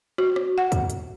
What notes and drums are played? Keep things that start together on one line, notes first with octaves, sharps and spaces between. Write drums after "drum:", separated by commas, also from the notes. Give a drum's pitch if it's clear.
F#4, drum: rim click
drum: rim click
F#5
drum: kick, hi-hat
drum: hi-hat